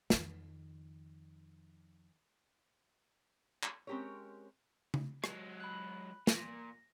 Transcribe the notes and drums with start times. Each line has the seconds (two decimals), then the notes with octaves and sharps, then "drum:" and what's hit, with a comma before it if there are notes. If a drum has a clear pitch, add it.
0.10 F2 D#3, drum: snare
3.63 drum: clap
3.87 G#3 C4 C#4 G4 A#4 C#5
4.94 drum: tom C#3
5.24 F#3 G#3, drum: rim click
5.60 B5 F#6
6.27 A#2 A#6, drum: snare